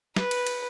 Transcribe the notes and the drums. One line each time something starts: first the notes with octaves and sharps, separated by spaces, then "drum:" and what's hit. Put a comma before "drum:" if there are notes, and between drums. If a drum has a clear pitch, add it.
B4, drum: snare
drum: cymbal
drum: cymbal